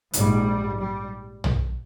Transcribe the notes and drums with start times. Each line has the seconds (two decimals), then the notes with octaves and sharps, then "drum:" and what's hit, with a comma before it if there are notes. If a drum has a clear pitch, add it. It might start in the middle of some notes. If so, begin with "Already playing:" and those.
0.13 A#1 G#2 G3, drum: hi-hat
0.78 G3
1.44 drum: tom